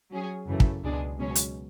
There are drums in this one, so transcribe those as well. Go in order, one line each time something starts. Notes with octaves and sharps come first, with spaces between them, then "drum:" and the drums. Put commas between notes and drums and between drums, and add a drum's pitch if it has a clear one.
F#3 C#4 G#4
F#2 C#3 E3 A3
drum: kick
C#2 B2 G#3 D4 G#4
C#2 B2 F#3 C#4
drum: hi-hat